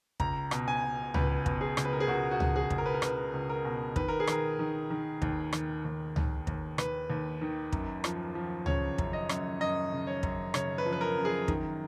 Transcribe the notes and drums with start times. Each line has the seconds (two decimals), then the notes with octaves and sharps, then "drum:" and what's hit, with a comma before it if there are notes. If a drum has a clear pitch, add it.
0.20 C#2 A#5, drum: kick
0.51 B2, drum: rim click
0.68 G#5
0.83 B2
1.14 C#2 B4, drum: tom C#2
1.46 B2, drum: kick
1.61 G#4
1.77 C#2, drum: rim click
1.85 B4
1.93 A#4
2.00 G#4
2.08 C#2 F#4
2.31 F#4
2.40 C#2, drum: tom C#2
2.56 G#4
2.70 C#2, drum: kick
2.78 A#4
2.86 B4
2.94 A#4
3.02 C#2 B4, drum: rim click
3.34 C#2
3.50 A#4
3.65 B2
3.96 D#3 B4, drum: kick
4.08 A#4
4.20 G#4
4.27 D#3 A#4, drum: rim click
4.59 D#3
4.90 D#3
5.22 D#2, drum: kick
5.53 D#3, drum: rim click
5.85 D#2
6.16 D#2, drum: tom C#2
6.47 D#2, drum: kick
6.78 D#2 B4, drum: rim click
7.10 D#2
7.41 D#3
7.72 F#2, drum: kick
8.04 F3, drum: rim click
8.35 F3
8.66 C#3 C#5, drum: tom C#2
8.98 F#2, drum: kick
9.13 D#5
9.29 F#2, drum: rim click
9.60 F#2 D#5
9.92 C#3
10.07 C#5
10.23 F#2, drum: kick
10.54 C#3 C#5, drum: rim click
10.78 B4
10.86 F3
10.93 B4
11.01 A#4
11.18 F#2
11.25 G#4
11.48 D#3, drum: kick